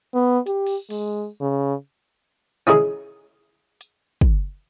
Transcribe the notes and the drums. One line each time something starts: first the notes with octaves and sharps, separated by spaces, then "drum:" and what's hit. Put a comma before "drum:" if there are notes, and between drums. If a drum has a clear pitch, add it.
B3
G4, drum: hi-hat
drum: open hi-hat
G#3, drum: open hi-hat
C#3
C#4 D#4 E4 G#4
drum: hi-hat
drum: kick